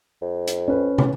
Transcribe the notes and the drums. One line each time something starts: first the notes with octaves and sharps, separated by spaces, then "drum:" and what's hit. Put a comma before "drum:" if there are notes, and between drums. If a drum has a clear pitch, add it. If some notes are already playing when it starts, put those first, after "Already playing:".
F2
drum: hi-hat
C#4 B4
drum: tom